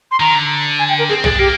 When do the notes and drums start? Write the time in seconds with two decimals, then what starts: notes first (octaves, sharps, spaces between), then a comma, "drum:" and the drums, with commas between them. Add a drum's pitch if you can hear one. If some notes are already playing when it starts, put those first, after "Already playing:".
0.11 C6
0.20 D#3 A#5
0.35 D3
0.79 G#5
0.89 G5
0.99 A#4
1.09 C4 G#4
1.24 D4 G#4, drum: tom B1
1.39 A#3 G4